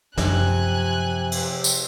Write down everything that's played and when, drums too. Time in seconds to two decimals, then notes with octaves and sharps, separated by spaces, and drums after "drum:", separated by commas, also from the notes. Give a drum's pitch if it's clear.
0.18 F#2 C3 F3 G#5 F#6, drum: snare
1.32 drum: cymbal
1.64 drum: tambourine